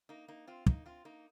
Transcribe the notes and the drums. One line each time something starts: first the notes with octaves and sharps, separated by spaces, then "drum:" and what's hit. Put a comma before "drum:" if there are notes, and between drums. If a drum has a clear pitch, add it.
A#3 D#4
A#3 D#4
C4 F4
A#3 D#4, drum: kick
C4 F4
A#3 D#4